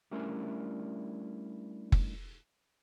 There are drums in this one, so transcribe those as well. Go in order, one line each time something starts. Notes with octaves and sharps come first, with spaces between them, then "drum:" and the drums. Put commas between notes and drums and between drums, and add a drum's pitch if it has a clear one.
G3 A3 C#4 D4 E4 A#4
drum: kick F#1